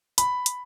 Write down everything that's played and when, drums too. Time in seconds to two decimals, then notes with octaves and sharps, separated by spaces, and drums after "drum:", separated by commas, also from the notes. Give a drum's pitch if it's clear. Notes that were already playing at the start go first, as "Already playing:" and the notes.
0.18 B5, drum: hi-hat
0.46 drum: hi-hat